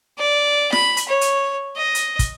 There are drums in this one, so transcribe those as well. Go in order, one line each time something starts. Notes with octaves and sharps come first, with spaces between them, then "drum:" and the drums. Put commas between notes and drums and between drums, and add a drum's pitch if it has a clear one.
D5
B5, drum: snare
drum: hi-hat
C#5
drum: hi-hat
D#5
drum: hi-hat
drum: kick, hi-hat